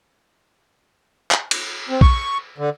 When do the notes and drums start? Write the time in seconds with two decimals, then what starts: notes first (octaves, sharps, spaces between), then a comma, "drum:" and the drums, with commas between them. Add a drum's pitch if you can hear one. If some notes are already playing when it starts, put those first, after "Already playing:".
1.31 drum: clap
1.51 drum: cymbal
1.89 C4
2.01 C#6, drum: kick
2.58 D3